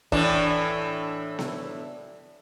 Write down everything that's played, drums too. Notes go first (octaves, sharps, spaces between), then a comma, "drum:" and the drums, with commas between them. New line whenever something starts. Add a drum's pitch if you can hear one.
A2 E3 D4, drum: kick
drum: snare B3